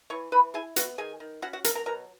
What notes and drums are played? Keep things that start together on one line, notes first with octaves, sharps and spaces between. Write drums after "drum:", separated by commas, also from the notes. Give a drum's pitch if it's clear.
E3 C#5 C#6
E3 B4 B5
E4 G#4 G#5
B3 F#4 F#5, drum: hi-hat
D#3 G#4 G#5
D#3
C#4 F#4 F#5
F#4 F#5
F#3 A#4 A#5, drum: hi-hat
A#4 A#5
B2 A#4 A#5